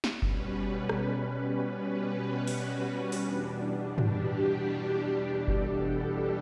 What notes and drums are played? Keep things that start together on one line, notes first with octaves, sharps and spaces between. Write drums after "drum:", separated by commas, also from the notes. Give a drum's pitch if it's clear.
drum: snare
B2 G3 C#4 B4, drum: kick F#1
drum: rim click
F#4, drum: open hi-hat
drum: open hi-hat
E2 B2 G3 D4
G4, drum: tom
A4, drum: kick F#1